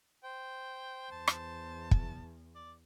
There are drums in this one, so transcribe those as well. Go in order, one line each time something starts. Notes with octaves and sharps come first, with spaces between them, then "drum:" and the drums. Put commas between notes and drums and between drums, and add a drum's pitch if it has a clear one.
C5 G5
E2 A5
drum: rim click
drum: kick
D5